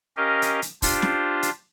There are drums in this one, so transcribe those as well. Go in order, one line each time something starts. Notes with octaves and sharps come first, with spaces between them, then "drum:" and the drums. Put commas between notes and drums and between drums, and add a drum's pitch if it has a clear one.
C#4 G4 A#4 D#5 F5
drum: hi-hat
drum: hi-hat
D4 F4 G4 C5, drum: kick, open hi-hat
drum: snare
drum: hi-hat